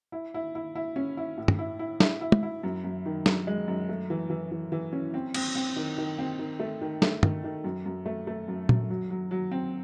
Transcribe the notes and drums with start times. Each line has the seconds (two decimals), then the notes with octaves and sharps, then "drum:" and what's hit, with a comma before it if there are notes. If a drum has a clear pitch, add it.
0.12 E4
0.34 E4
0.55 E4
0.75 E4
0.96 C#4
1.17 E4
1.38 A2
1.48 drum: tom
1.59 E4
1.79 E4
2.00 E4, drum: snare
2.21 E4
2.32 drum: tom
2.43 E4
2.63 F#2
2.84 F#2
3.06 D#3
3.26 F#2, drum: snare
3.47 G#3
3.68 F#2
3.89 A3
4.10 E3
4.30 E3
4.52 E3
4.72 E3
4.93 C#4
5.14 C4
5.34 C4, drum: cymbal
5.55 C4
5.76 D#3
5.98 D#3
6.18 C4
6.39 D#3
6.60 A3
6.81 D#3
7.02 A3, drum: snare
7.23 D#3, drum: tom
7.44 D#3
7.64 F#2
7.86 F#2
8.06 A3
8.27 A3
8.48 F#2
8.69 F#2, drum: tom A#2
8.90 F#3
9.10 F#3
9.31 F#3
9.51 C4